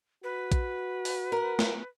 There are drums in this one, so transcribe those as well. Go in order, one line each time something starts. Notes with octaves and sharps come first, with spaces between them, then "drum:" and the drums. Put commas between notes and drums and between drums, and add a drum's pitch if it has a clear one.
F#4 B4
drum: kick A#1, hi-hat
drum: open hi-hat
A#4 F#5
drum: snare